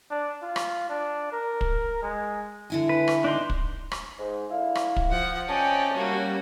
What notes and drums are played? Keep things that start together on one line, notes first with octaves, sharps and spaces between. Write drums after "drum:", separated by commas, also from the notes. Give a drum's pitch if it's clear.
D4
F4
drum: rim click
D4
A#4
drum: kick
G#3
D3 E4 G#5
B4
drum: rim click
D4 D#4 C6
drum: kick
drum: rim click
G#2
D3 E4 F5
drum: rim click
drum: kick
F3 F#5
C3 C#4 G4 D5 D#5 G5 A5
G3 A#3 C#4 F#4